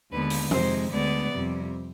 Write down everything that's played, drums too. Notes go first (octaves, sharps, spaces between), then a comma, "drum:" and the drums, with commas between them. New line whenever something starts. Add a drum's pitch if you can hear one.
D#2 D3 G#3 B3 B4
drum: open hi-hat
F2 C3 D#3 G#3 C5, drum: tom E3
D2 D3 G#3 B3 D5
F2 C3 G3